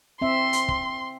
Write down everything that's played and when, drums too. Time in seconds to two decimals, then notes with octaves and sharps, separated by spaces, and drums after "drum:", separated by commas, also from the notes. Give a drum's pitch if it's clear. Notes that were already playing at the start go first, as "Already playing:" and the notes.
0.22 C4 E5 C6
0.53 drum: hi-hat
0.68 drum: kick